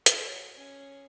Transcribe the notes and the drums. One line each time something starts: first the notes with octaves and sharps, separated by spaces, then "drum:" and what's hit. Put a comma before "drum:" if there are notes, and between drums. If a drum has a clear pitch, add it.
drum: hi-hat
F#4 C#5
C#4 G#4